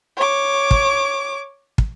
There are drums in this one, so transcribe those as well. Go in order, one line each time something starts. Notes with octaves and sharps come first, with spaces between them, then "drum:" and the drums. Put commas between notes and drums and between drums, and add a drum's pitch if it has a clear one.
C#5 D6
drum: kick
drum: kick